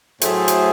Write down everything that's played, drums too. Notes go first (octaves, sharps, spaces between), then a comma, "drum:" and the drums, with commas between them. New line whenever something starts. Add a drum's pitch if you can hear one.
A2 F#3 A3 G#4 C5, drum: hi-hat
drum: hi-hat